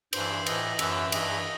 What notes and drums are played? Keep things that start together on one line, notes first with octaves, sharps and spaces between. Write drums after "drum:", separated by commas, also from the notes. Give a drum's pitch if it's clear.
G2 E3 C5, drum: cymbal
A2 E3 D#5, drum: cymbal
F#2 E3 E5, drum: cymbal
G2 E3 D#5, drum: cymbal